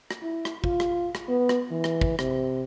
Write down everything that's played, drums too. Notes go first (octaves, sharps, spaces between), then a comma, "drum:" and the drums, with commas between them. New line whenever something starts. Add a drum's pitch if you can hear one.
drum: rim click
E4
drum: rim click
F4, drum: kick
drum: rim click
drum: rim click
B3
drum: rim click
E3
drum: rim click
drum: kick
C3, drum: rim click